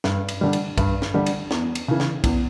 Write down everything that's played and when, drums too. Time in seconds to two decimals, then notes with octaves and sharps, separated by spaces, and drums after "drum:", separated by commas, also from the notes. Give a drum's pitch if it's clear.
0.04 G2, drum: snare
0.29 drum: cymbal
0.41 D3 G3
0.53 drum: cymbal
0.78 G2, drum: kick, cymbal
1.02 drum: snare
1.14 D3 G3
1.26 drum: cymbal
1.51 E2, drum: snare
1.75 drum: cymbal
1.88 C#3 E3
2.00 drum: snare
2.24 E2, drum: kick, cymbal